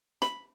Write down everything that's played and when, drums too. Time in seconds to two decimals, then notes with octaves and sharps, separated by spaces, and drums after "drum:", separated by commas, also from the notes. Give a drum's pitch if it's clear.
0.22 B5, drum: snare